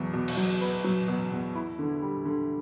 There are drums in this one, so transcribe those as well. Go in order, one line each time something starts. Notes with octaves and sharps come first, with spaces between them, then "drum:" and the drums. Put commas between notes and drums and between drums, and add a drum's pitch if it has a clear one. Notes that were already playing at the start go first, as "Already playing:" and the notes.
Already playing: E2 B2 F#3
B2
drum: cymbal
F#3
B3
F#3
B2
E2
E4
D3
G3
D3